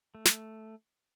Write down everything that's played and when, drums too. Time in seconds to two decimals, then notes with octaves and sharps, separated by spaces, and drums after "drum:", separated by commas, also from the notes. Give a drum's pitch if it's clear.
0.15 A3
0.25 drum: snare